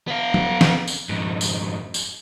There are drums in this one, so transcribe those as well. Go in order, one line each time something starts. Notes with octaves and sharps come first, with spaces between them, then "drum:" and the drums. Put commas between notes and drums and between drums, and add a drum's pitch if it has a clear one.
B3 F5
drum: tom F#3
drum: snare
drum: tambourine
F2 G#2
drum: tambourine
drum: tambourine